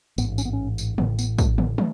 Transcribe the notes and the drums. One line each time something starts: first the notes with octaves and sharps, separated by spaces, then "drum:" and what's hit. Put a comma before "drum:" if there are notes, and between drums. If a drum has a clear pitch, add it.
A1 G#2 B3, drum: tambourine
C#4, drum: tambourine
B3
C#4
drum: tambourine
A1 A2 B3, drum: tom
B3, drum: tambourine
A3, drum: kick, tambourine
B3, drum: tom
A3, drum: tom